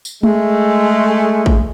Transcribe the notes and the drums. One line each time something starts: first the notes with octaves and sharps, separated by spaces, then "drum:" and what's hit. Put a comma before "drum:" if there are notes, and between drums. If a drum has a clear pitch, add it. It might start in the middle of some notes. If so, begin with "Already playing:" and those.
drum: tambourine
G#3 A3, drum: tom G#3
drum: kick